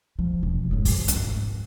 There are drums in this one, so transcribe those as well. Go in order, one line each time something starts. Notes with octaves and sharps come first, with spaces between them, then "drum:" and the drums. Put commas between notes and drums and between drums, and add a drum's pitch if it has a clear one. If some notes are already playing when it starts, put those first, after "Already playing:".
F3
E1
G#2 F#3
drum: kick, open hi-hat
F3 D4, drum: hi-hat
G#2